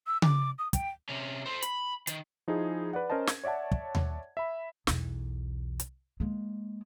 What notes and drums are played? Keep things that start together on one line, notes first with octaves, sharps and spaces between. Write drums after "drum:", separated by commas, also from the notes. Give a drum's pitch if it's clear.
E6
D6, drum: tom C#3
D#6
G5, drum: kick, hi-hat
C3 C#4
A4 C5
B5, drum: hi-hat
D#3, drum: hi-hat
F3 D#4 E4 G#4
B4 D5 F#5
C#4 A#4 C5 D#5 A5
G#6, drum: snare
C#5 D5 E5 F#5 A5
drum: kick
drum: tom D#2
E5 B5
B1 E2, drum: snare
drum: hi-hat
G#3 A#3